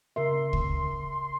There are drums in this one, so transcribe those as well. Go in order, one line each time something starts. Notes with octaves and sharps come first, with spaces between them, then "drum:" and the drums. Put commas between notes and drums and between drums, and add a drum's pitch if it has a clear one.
C#3 A#4 E5 C6
drum: kick C#2